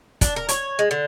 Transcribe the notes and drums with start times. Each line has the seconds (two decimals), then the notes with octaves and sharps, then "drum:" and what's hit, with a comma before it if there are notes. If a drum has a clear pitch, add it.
0.21 D4, drum: kick, hi-hat
0.36 A#4
0.49 C#5, drum: hi-hat
0.79 G#3
0.91 D3